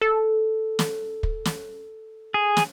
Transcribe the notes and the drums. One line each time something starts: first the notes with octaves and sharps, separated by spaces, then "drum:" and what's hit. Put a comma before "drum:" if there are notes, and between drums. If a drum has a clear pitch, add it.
A4
drum: snare
drum: kick
drum: snare
G#4
drum: snare